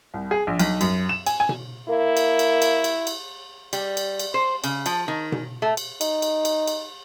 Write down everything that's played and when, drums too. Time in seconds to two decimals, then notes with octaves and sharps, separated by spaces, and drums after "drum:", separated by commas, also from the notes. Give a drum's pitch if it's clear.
0.14 C2
0.31 G#4
0.47 A#1
0.59 B1, drum: cymbal
0.81 F#2, drum: cymbal
1.09 E7
1.26 G#5, drum: cymbal
1.40 G#5
1.49 drum: tom B2
1.89 A#3 E4
2.17 drum: cymbal
2.39 drum: cymbal
2.62 drum: cymbal
2.84 drum: cymbal
3.07 drum: cymbal
3.73 G3, drum: cymbal
3.97 drum: cymbal
4.20 drum: cymbal
4.34 C5
4.64 C#3, drum: cymbal
4.86 F3, drum: cymbal
5.08 D#3
5.32 drum: tom B2
5.62 A3
5.77 drum: cymbal
6.01 D#4, drum: cymbal
6.22 drum: cymbal
6.45 drum: cymbal
6.67 drum: cymbal